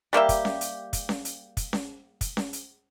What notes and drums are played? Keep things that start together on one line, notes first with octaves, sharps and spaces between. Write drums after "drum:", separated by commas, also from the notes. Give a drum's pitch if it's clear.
G3 A#3 G4 E5
drum: kick, hi-hat
drum: snare C#4
drum: hi-hat
drum: kick, hi-hat
drum: snare C#4
drum: hi-hat
drum: kick, hi-hat
drum: snare C#4
drum: kick, hi-hat
drum: snare C#4
drum: hi-hat